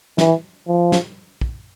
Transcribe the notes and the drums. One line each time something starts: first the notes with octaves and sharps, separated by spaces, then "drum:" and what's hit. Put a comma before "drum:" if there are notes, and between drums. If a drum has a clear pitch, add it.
E3, drum: snare
F3
drum: snare
drum: kick